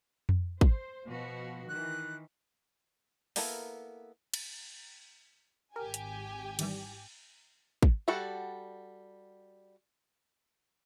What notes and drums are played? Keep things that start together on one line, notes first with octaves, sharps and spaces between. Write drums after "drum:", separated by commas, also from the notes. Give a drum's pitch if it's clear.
drum: tom F2
C5, drum: kick
B2 F3 F#4
D#3 E3 F#6
A#3 B3 E4 A4 A#4, drum: open hi-hat
drum: cymbal
G#1 G4 A#4 G#5
drum: hi-hat
D#3 E3 G3, drum: cymbal
drum: kick
G3 F#4 A4 D5 F#5